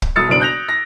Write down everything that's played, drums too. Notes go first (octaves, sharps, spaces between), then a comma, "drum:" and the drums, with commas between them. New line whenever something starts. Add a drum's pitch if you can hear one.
drum: kick
B1 D#6 E6 A6 C#7
F#1 B1 D4 D7 F#7
F#6 G6 A#6 F7
A#6